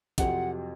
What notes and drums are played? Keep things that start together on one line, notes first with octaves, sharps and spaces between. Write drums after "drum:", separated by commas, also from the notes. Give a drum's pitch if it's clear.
F2 C3 F#3 C4 F#4 F#5, drum: kick, hi-hat